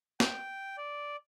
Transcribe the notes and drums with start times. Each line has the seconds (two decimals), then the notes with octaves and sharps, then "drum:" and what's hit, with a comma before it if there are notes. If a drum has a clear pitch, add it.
0.20 G5, drum: snare
0.77 D5